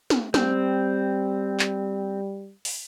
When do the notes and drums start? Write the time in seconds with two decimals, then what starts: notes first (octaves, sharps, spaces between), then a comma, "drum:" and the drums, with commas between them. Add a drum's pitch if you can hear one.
0.10 drum: snare
0.34 G3 C4, drum: snare
1.59 drum: clap
2.65 drum: open hi-hat